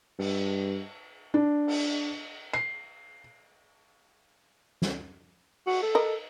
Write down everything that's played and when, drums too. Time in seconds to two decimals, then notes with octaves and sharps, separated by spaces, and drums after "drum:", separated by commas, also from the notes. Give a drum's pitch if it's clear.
0.19 G2, drum: cymbal
1.34 D4
1.67 drum: cymbal
2.53 C7
4.82 drum: snare
5.67 F#4, drum: cymbal
5.82 A4
5.95 A#4 D#5